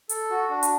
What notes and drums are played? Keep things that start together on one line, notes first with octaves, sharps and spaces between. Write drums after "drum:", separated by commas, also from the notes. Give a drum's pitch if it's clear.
A4, drum: hi-hat
F#4
D4
drum: hi-hat